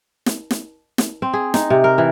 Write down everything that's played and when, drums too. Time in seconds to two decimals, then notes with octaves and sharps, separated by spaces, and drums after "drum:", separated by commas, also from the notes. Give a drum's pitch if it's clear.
0.26 drum: snare
0.51 drum: snare
0.98 drum: snare
1.22 C4
1.33 G#4
1.54 D#4, drum: snare
1.70 C3
1.84 A#4
1.98 E3